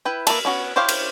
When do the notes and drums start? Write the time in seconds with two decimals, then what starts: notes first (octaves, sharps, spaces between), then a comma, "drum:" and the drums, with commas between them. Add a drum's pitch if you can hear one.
0.05 E4 B4 G5
0.27 A#3 A#4 B4 E5 A5, drum: cymbal
0.45 B3 C#4 F#4
0.76 E4 G4 C5 C#5 F5
0.89 drum: cymbal